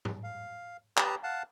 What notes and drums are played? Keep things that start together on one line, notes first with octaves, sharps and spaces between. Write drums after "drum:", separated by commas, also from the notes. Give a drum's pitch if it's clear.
drum: tom G#2
F5
G4 B4 A5 A#5 D#6, drum: clap
F5 F#5 A5